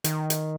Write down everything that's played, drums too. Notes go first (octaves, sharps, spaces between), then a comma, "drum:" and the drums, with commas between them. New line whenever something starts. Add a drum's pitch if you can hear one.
D#3, drum: hi-hat
drum: hi-hat